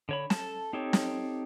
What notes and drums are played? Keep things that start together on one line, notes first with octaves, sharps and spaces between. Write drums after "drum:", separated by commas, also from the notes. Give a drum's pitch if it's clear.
D3 C#5 B5
A4 A5, drum: snare
C4 D#4 G4 A4 C#5
drum: snare